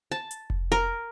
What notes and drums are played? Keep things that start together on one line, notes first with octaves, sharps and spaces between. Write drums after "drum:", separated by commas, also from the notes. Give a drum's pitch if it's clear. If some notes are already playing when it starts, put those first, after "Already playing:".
A5
drum: hi-hat
drum: kick F1
A#4